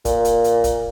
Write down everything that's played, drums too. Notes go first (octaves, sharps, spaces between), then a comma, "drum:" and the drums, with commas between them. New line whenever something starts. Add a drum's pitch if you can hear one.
A#2, drum: kick, hi-hat
drum: hi-hat
drum: hi-hat
drum: kick, hi-hat